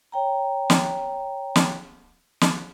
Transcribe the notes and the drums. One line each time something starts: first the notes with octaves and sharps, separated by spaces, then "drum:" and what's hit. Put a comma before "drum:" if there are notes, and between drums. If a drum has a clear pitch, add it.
C#5 G5 A#5
drum: snare
drum: snare
drum: snare